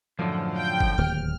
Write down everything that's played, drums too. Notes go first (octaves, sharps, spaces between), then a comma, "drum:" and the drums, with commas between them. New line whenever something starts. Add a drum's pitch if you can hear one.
F#2 A2 D3 F3
G5
drum: kick G1
D1 D#2 F6